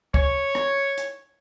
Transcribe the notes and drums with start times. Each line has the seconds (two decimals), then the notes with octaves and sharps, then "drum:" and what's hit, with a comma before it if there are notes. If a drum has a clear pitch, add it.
0.14 C#5, drum: kick C#2
0.55 drum: rim click
0.98 drum: hi-hat